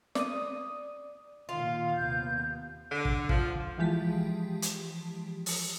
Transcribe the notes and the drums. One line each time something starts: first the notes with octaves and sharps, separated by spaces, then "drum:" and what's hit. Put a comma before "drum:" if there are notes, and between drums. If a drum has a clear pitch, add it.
D5 D#6, drum: snare
A#2 D#3 F4 F5
D#2 C3 B3 G6
D3
drum: kick
F3, drum: kick
E3 F3 G#3 G4 A5 B6
drum: hi-hat
drum: open hi-hat